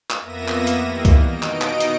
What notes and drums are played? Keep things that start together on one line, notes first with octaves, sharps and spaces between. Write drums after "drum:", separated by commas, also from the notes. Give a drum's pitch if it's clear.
drum: clap
F2 A#3 B3 E5 A#6 D#7
drum: clap
drum: hi-hat
D#3 E3 G3 A#3
drum: kick C2, hi-hat
B2 D#4 D#5 D7
drum: clap
drum: clap
drum: hi-hat